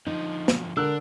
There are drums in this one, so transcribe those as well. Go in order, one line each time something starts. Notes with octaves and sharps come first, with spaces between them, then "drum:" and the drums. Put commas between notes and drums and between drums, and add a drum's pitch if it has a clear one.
D3 F3 D#4
drum: snare
D3 D4 A#4 E6 F#6